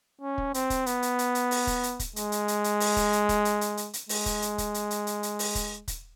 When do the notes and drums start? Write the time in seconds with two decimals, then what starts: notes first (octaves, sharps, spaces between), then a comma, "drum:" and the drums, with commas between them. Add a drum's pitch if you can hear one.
0.21 C#4
0.38 drum: kick
0.54 C4, drum: hi-hat
0.70 drum: kick, hi-hat
0.86 B3, drum: hi-hat
1.02 drum: hi-hat
1.19 drum: hi-hat
1.35 drum: hi-hat
1.51 drum: open hi-hat
1.67 drum: kick, hi-hat
1.83 drum: hi-hat
1.99 drum: kick, hi-hat
2.16 G#3, drum: hi-hat
2.32 drum: hi-hat
2.48 drum: hi-hat
2.64 drum: hi-hat
2.80 drum: open hi-hat
2.96 drum: kick, hi-hat
3.13 drum: hi-hat
3.29 drum: kick, hi-hat
3.45 drum: hi-hat
3.61 drum: hi-hat
3.77 drum: hi-hat
3.94 drum: hi-hat
4.09 G#3, drum: open hi-hat
4.26 drum: kick, hi-hat
4.42 drum: hi-hat
4.58 drum: kick, hi-hat
4.74 drum: hi-hat
4.91 drum: hi-hat
5.07 drum: hi-hat
5.23 drum: hi-hat
5.39 drum: open hi-hat
5.55 drum: kick, hi-hat
5.88 drum: kick, hi-hat